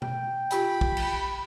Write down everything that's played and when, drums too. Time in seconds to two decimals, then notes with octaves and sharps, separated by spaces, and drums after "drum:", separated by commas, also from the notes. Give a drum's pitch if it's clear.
0.02 G5, drum: tom B2
0.51 F4 G4 G#5 B5, drum: hi-hat
0.81 drum: kick
0.97 drum: cymbal